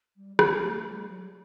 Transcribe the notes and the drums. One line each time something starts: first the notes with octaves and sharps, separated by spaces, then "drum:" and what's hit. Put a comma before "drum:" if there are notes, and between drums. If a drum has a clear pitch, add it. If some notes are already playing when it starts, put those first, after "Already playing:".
G3
B3, drum: rim click
A3
G3
G3
F#3